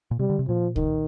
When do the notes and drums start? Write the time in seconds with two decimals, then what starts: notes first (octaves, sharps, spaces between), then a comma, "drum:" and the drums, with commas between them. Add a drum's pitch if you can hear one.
0.11 A#2
0.19 C3 G3
0.30 D3
0.39 C3
0.48 A#2 F3
0.76 D#3, drum: kick C2